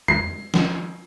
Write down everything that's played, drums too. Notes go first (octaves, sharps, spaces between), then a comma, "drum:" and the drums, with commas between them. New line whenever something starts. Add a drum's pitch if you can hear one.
C7, drum: tom
drum: snare